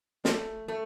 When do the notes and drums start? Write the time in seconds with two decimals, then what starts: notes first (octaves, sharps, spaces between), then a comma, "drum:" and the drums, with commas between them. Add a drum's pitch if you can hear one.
0.25 A3, drum: snare
0.68 A3